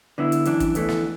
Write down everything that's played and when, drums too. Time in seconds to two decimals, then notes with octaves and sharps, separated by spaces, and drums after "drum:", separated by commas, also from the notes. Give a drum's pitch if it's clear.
0.18 D3 B3 E4
0.32 drum: hi-hat
0.45 F#2 E3 D4, drum: hi-hat
0.60 drum: kick, hi-hat
0.75 E2 E3 A3, drum: hi-hat
0.89 drum: snare